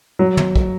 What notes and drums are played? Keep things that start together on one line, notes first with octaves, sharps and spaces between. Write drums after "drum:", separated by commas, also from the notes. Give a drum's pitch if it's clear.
F#3
drum: tom
drum: kick